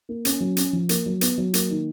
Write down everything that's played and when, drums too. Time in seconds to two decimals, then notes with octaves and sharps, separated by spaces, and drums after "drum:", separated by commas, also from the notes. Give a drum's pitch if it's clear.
0.09 A#3
0.25 C#4, drum: hi-hat
0.40 F#3
0.57 C#4, drum: hi-hat
0.73 F3
0.89 A#3, drum: hi-hat
1.06 F#3
1.21 B3, drum: hi-hat
1.38 F#3
1.54 A#3, drum: hi-hat
1.70 D#3